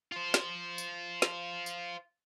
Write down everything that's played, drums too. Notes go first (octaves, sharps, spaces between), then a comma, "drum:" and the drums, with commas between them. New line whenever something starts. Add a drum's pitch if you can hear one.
F4 C5
drum: snare
drum: tambourine
drum: snare
drum: tambourine